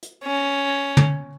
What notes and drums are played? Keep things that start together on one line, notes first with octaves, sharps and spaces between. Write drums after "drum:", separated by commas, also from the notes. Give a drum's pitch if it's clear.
drum: hi-hat
C#4
drum: tom